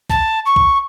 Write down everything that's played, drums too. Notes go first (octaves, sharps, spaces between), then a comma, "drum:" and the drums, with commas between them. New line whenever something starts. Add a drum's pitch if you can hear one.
A5, drum: kick C2
C#6
drum: kick C2